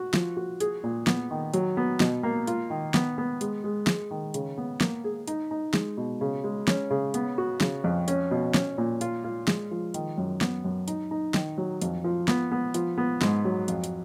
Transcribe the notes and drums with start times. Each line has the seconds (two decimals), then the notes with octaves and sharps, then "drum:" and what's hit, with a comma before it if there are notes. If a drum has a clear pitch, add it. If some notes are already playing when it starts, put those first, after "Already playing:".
Already playing: F#4
0.14 F3, drum: snare
0.37 F#4
0.60 G#4, drum: hi-hat
0.84 A#2
1.07 B3, drum: snare
1.31 D#3
1.54 F#3, drum: hi-hat
1.77 B3
2.00 B2, drum: snare
2.23 A#3
2.47 F4, drum: hi-hat
2.70 D#3
2.94 B3, drum: snare
3.18 B3
3.41 G#3, drum: hi-hat
3.64 G#3
3.87 G#3, drum: snare
4.11 D#3
4.34 C#3, drum: hi-hat
4.57 B3
4.81 A#3, drum: snare
5.04 G#4
5.28 D#4, drum: hi-hat
5.51 D#4
5.74 G#3, drum: snare
5.97 B2
6.21 C#3
6.44 G#3
6.68 C#4, drum: snare
6.90 C#3
7.14 B3, drum: hi-hat
7.38 F#4
7.61 C#3, drum: snare
7.84 F2
8.08 C#4, drum: hi-hat
8.31 B2
8.54 C#4, drum: snare
8.78 A#2
9.01 F4, drum: hi-hat
9.24 F4
9.48 G#3, drum: snare
9.71 F3
9.94 D#3, drum: hi-hat
10.18 F#2
10.41 B3, drum: snare
10.64 F#2
10.88 D#4, drum: hi-hat
11.11 D#4
11.34 D#3, drum: snare
11.58 F#3
11.82 F2, drum: hi-hat
12.04 F3
12.28 B3, drum: snare
12.52 B3
12.74 F3, drum: hi-hat
12.98 B3
13.22 G#2, drum: snare
13.45 F#3
13.68 F2, drum: hi-hat
13.84 drum: hi-hat